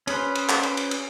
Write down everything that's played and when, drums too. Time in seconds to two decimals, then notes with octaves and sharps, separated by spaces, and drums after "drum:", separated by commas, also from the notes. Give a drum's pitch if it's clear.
0.07 C#4 G#4 B4 C5, drum: cymbal
0.35 drum: cymbal
0.49 drum: clap
0.63 drum: cymbal
0.77 drum: cymbal
0.91 drum: cymbal